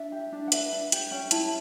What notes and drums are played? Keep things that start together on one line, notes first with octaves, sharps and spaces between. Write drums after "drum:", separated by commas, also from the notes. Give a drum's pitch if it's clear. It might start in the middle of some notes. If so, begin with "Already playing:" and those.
Already playing: D4 E5
G4
D4
F#5
B4 E5, drum: hi-hat
D4
G4, drum: hi-hat
C#4 G5
E4 A5, drum: hi-hat